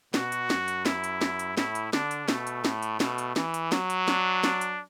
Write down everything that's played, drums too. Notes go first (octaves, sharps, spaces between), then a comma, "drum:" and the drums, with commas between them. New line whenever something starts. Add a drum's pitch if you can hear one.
B2 F#4, drum: snare
drum: hi-hat
F#2, drum: snare
drum: hi-hat
E4, drum: snare
drum: hi-hat
drum: snare
drum: hi-hat
A2 E4, drum: snare
drum: hi-hat
D3 D4, drum: snare
drum: hi-hat
B2 A3, drum: snare
drum: hi-hat
A2, drum: snare
drum: hi-hat
B2 A3, drum: snare
drum: hi-hat
E3, drum: snare
drum: hi-hat
F#3, drum: snare
drum: hi-hat
D4, drum: snare
D4, drum: snare
drum: hi-hat